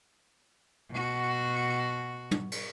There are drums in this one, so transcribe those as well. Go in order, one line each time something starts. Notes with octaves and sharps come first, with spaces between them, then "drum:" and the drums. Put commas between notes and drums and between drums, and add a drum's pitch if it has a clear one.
B2 F#4
drum: tom
drum: cymbal